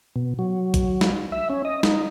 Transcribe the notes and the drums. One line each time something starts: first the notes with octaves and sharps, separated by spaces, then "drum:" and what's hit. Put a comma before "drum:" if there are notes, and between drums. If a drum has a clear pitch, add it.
B2
F#3
drum: kick, hi-hat
drum: snare
E5
C#4
D#5
D#4, drum: snare